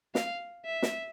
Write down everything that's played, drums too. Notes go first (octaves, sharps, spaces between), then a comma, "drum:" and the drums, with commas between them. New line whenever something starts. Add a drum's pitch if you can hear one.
F5, drum: snare
E5
drum: snare